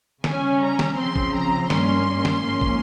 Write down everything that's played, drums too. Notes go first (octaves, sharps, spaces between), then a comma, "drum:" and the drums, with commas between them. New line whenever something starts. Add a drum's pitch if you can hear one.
C#3 G3 C#4 G#5, drum: snare
A#5
drum: snare
C#3 F3 C4 C6
drum: kick
A#5
G2 G3 A#3 C#4 C6, drum: snare
drum: snare
G#2 F3 A#3 C#4
drum: kick